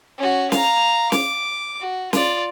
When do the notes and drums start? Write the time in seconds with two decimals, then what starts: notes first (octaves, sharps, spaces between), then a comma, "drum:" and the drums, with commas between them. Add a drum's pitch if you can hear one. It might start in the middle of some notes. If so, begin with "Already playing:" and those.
0.18 C#4 F#4
0.52 F5 A#5, drum: snare
1.12 D6, drum: snare
1.81 F#4
2.13 F4 D5, drum: snare